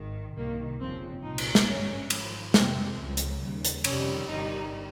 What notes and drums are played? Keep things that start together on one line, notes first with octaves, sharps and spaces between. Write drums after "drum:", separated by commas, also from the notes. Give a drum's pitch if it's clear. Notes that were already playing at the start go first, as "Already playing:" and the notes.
Already playing: G#1 G#2 D#3
C2 C3 D#3 A#3
G1 F2 C#3 F3 C4
C2 A#2 F3 D#4
drum: cymbal
drum: snare
G#1 G2 G3 C#4
G#1 G#2 F3, drum: cymbal
F2 C3 G3 C4, drum: snare
C#2 C#3 F3
drum: hi-hat
D#2 C#3 G3
drum: hi-hat
F2 C3 D#3 G3 C#4, drum: cymbal
G1 G2 D#3 G3 D#4